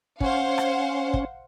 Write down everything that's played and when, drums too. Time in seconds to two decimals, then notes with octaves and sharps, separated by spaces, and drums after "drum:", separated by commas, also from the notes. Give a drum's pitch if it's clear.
0.21 C#4 C5 F5 F#5, drum: kick
0.58 drum: rim click
1.14 drum: kick